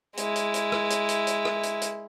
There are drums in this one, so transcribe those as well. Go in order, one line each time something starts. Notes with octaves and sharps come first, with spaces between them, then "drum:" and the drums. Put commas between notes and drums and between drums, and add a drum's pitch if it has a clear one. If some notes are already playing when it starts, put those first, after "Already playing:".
G#3 E4, drum: hi-hat
drum: hi-hat
drum: hi-hat
drum: rim click
drum: hi-hat
drum: hi-hat
drum: hi-hat
drum: rim click
drum: hi-hat
drum: hi-hat